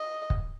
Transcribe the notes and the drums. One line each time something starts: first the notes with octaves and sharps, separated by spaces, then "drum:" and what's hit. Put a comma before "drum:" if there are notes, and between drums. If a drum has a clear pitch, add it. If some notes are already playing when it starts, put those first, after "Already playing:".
Already playing: D#5
drum: kick